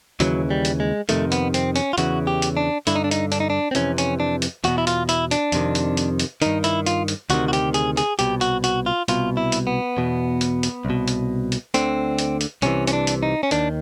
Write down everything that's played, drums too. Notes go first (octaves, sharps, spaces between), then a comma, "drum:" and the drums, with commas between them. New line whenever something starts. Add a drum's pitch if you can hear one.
D#2 C#3 E3 F#3, drum: hi-hat
G3
drum: hi-hat
G#3
F2 C3 D#3 A3, drum: hi-hat
B3, drum: hi-hat
C4, drum: hi-hat
C#4, drum: hi-hat
F4
E2 C#3 E3 F#4, drum: hi-hat
G4
drum: hi-hat
D4
G2 D3 E4, drum: hi-hat
D#4
D4
D#4, drum: hi-hat
D4, drum: hi-hat
D#4
D4
C4
F2 C3 E3 C#4, drum: hi-hat
C#4, drum: hi-hat
D4
drum: hi-hat
E2 B2 F#4, drum: hi-hat
E4
F4, drum: hi-hat
E4, drum: hi-hat
D4, drum: hi-hat
F2 C3 D#3, drum: hi-hat
drum: hi-hat
drum: hi-hat
drum: hi-hat
G2 D#3 D#4, drum: hi-hat
E4, drum: hi-hat
F4, drum: hi-hat
drum: hi-hat
D2 C3 D#3 F#4, drum: hi-hat
F#4
G4, drum: hi-hat
G#4, drum: hi-hat
G#4, drum: hi-hat
C2 B2 G4, drum: hi-hat
F#4, drum: hi-hat
F#4, drum: hi-hat
F4
C2 B2 F4, drum: hi-hat
E4
drum: hi-hat
B3
E2 B2
drum: hi-hat
drum: hi-hat
C2 B2
drum: hi-hat
drum: hi-hat
D2 D3 C4, drum: hi-hat
drum: hi-hat
drum: hi-hat
C2 C3 E3 C#4, drum: hi-hat
C#4, drum: hi-hat
D4
drum: hi-hat
D#4
C#4
D#2 D#3 D4, drum: hi-hat